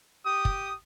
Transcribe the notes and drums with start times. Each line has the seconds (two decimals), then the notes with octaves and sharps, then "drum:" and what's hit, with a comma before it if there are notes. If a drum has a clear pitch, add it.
0.25 G4 D#6
0.45 drum: kick